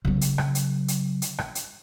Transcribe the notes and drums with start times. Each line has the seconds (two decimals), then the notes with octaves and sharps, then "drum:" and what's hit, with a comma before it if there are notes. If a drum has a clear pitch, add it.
0.05 C#3 F#3
0.21 drum: hi-hat
0.38 drum: rim click
0.55 drum: hi-hat
0.88 drum: hi-hat
1.22 drum: hi-hat
1.38 drum: rim click
1.55 drum: hi-hat